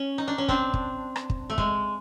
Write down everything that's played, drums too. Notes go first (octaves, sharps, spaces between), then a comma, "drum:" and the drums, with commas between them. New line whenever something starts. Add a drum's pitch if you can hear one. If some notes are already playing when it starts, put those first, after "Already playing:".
Already playing: C#4
D#4
D4
C#4
C4 D4, drum: kick
drum: kick
drum: rim click
drum: kick
A3
G#3, drum: kick